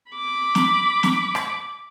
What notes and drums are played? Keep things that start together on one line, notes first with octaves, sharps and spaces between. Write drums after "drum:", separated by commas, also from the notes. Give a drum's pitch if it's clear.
B5 D6
drum: snare
drum: snare
drum: rim click